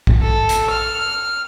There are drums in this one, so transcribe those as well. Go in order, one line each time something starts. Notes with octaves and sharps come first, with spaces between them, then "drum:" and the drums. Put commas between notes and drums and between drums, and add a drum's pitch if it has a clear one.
drum: kick
A4
drum: hi-hat
F6